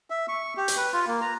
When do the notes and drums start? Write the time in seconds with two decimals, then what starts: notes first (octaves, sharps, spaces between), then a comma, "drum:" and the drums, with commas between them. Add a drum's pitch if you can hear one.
0.10 E5
0.28 C#6
0.57 G4
0.68 drum: hi-hat
0.77 B4
0.93 F4
1.07 A#3
1.22 A#5